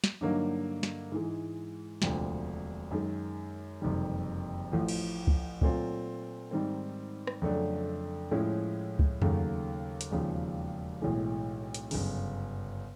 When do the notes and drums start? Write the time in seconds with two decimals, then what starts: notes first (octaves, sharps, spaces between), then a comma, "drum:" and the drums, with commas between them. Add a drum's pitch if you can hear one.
0.04 drum: snare
0.21 G2 D3 F#3 A#3 D#4
0.83 drum: snare
1.12 G#2 E3 G#3
2.02 E1 D2 C3 F3, drum: snare
2.91 F#2 D#3 G#3
3.81 F#1 F2 C3 D#3 G3
4.72 A1 A2 F3
4.88 drum: cymbal
5.27 drum: kick C#2
5.62 A#2 F#3 A3 C4 F4, drum: kick C#2
6.51 G#2 D#3 G3 C4
7.27 drum: rim click
7.42 F2 C#3 F#3 A3 D4
8.31 A2 F3 G#3 C#4 E4
8.99 drum: kick C#2
9.22 D#2 C#3 F#3 A3, drum: tom F2
10.01 drum: hi-hat
10.11 E1 D#2 C#3 F3
11.02 B1 A2 E3 G#3
11.74 drum: hi-hat
11.91 G1 F#2 C#3, drum: open hi-hat